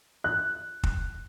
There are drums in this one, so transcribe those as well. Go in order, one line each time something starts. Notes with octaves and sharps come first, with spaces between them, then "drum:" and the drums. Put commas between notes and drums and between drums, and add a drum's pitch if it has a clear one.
F#6
drum: kick